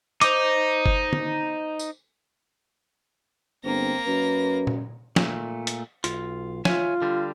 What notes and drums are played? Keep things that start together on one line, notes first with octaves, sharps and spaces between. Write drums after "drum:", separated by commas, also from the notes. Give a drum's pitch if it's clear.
D#4 C5 D6, drum: hi-hat
drum: kick F#1
drum: tom
drum: tambourine
G1 A#3 C4 A#6
F#2 B4
drum: tom A#2
A#2 A3, drum: snare
drum: hi-hat
B1 F4, drum: hi-hat
F4 C#5 E5 G#5, drum: snare
D3 G3